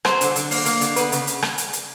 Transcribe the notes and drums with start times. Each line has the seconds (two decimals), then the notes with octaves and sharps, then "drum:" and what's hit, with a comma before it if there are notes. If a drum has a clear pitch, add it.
0.05 F#3 C5, drum: rim click
0.21 D3, drum: hi-hat
0.36 D3, drum: hi-hat
0.51 A#3, drum: open hi-hat
0.66 A#3, drum: hi-hat
0.81 D3, drum: hi-hat
0.96 B3 B4, drum: hi-hat
1.12 C#3, drum: hi-hat
1.27 drum: hi-hat
1.42 drum: rim click
1.58 drum: hi-hat
1.73 drum: hi-hat